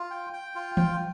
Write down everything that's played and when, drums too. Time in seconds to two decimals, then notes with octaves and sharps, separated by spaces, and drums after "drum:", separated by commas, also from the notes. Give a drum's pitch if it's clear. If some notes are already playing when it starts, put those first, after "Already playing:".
Already playing: F4
0.10 G5
0.33 G5
0.55 F4
0.77 G5, drum: tom E3